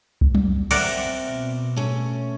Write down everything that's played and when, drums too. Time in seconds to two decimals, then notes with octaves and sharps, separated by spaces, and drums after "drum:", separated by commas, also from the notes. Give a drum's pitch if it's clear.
0.21 drum: kick C2
0.35 drum: tom F#3
0.71 C4 A#4 D5 E5 F#5, drum: cymbal
1.28 B2
1.76 A3 C#4